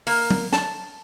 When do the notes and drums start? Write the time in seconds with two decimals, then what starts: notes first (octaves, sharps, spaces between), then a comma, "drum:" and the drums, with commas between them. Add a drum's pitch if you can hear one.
0.07 A#3, drum: open hi-hat
0.31 drum: tom
0.53 A5, drum: snare